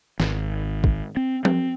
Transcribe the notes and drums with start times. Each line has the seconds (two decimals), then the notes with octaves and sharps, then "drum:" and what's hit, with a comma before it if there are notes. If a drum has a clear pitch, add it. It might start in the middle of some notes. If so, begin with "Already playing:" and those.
0.20 G#1, drum: snare
0.84 drum: kick
1.17 C4
1.45 C4, drum: tom F3